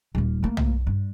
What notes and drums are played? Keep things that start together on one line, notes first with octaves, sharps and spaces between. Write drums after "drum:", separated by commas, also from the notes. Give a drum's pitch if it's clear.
D#1 A#3
A3 A#3
drum: tom
G2